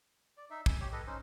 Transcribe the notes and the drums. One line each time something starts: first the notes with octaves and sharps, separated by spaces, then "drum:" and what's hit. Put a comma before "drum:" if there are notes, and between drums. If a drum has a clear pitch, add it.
D5
D#4 E5
G#5, drum: kick
G4 C#5
A4 B4 D#5
C#4 D#4 C5